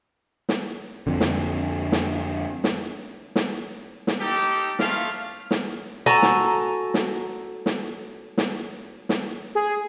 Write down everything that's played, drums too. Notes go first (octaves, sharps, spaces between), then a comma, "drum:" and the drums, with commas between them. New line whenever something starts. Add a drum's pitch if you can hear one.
drum: snare
F2 D3
drum: snare
drum: snare
drum: snare
drum: snare
drum: snare
D#4 G4 A4 G5
G#3 A3 F5, drum: snare
drum: snare
F#4 A4 G#5 A#5
drum: snare
drum: snare
drum: snare
drum: snare
drum: snare
G#4